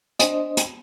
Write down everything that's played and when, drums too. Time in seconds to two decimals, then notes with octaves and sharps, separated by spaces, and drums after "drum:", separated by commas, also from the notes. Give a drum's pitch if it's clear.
0.19 D4 C5 D#5, drum: hi-hat
0.57 drum: hi-hat